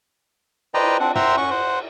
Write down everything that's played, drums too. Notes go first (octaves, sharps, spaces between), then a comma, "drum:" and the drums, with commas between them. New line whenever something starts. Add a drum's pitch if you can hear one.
B4 C5 D5 D#5 G5 A#5, drum: cymbal
C4 D4 F#5
C5 E5 F#5 G5 A#5 C6, drum: tom
C#4 F#5 C#6
C5 F#5